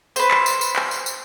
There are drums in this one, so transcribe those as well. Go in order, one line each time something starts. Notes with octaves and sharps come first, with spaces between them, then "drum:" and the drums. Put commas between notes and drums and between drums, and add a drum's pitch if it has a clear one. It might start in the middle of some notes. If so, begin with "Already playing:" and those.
B4 C5, drum: tambourine
drum: clap
drum: tambourine
drum: tambourine
drum: clap
drum: tambourine
drum: tambourine